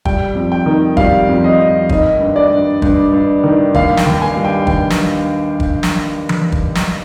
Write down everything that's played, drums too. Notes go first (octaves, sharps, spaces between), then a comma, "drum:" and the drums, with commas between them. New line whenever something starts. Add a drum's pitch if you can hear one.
G3 G5, drum: kick
F2
G5
D#3
G3 F5, drum: kick
F2
D#5
F2
D#3 D#5, drum: kick
G2
D5
G2
G2, drum: kick
G2
D#3
D#2 F5, drum: kick
G5, drum: snare
D#2
G#5
G3
G5
D#2 G5, drum: kick
drum: snare
drum: kick
drum: snare
drum: tom E3
drum: kick
drum: snare